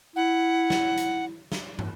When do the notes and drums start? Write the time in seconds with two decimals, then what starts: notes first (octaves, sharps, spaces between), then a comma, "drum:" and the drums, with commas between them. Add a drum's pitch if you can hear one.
0.16 E4 F#5
0.70 drum: snare
0.97 drum: hi-hat
1.52 drum: snare
1.79 drum: tom